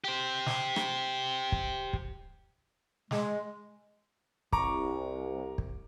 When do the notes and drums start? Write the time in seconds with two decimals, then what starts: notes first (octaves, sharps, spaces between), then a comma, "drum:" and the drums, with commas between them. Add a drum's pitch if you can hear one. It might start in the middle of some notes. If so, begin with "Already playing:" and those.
0.04 G4 C5
0.46 drum: snare
0.76 drum: rim click
1.52 drum: kick
1.93 drum: kick
3.11 G#3, drum: snare
4.53 C2 A#5 C#6 D6, drum: kick
5.58 drum: kick